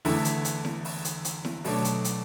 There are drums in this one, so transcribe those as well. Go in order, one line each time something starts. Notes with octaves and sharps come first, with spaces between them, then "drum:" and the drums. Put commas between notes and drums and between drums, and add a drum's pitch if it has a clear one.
E2 D3 A3 E4, drum: open hi-hat
drum: hi-hat
drum: hi-hat
drum: snare E4
drum: open hi-hat
drum: hi-hat
drum: hi-hat
drum: snare E4
B2 F#3 A3 D4, drum: open hi-hat
drum: hi-hat
drum: hi-hat